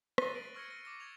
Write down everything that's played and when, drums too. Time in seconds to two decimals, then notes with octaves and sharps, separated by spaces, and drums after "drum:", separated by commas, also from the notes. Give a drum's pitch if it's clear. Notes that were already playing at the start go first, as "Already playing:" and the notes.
0.18 F#6 A6 A#6 C7 D#7 G7, drum: rim click
0.35 D7 F#7
0.55 C#6 E6 F6 G#6 A#6 C#7
0.70 A#6
0.83 D6 A#6 C#7
1.00 G#6 F7